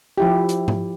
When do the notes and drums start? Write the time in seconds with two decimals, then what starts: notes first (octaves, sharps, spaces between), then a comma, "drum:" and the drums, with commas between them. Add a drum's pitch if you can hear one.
0.18 F3 E4 G4
0.49 drum: hi-hat
0.68 drum: tom G#2